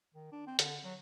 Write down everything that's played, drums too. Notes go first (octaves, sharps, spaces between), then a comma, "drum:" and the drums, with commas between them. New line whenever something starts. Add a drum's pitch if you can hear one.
D#3
D4
C4
D3, drum: hi-hat
F#3